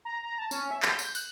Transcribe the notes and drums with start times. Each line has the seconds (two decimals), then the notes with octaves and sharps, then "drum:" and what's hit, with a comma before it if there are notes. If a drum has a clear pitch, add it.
0.05 A#5
0.24 A#5
0.38 A5
0.51 C#4, drum: tambourine
0.71 E5
0.82 G6, drum: clap
0.99 drum: tambourine
1.15 F#6, drum: tambourine